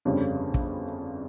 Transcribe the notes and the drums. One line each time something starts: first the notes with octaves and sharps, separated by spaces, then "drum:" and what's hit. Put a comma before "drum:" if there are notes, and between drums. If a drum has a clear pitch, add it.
G1 F2 C#3 G3 C#4
drum: kick